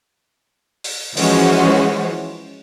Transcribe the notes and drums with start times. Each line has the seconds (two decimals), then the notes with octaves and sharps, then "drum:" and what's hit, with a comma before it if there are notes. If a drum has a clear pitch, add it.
0.84 drum: open hi-hat
1.17 E3 F3 G#3 C#4 F#4 C5, drum: open hi-hat